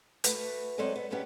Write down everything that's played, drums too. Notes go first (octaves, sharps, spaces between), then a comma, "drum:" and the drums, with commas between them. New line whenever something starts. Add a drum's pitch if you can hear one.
A3 F#4 B4, drum: hi-hat
F#3 G#3 C4 A4 D5 G#5
B3
G2 F#3 G#3 B3 C#4 G4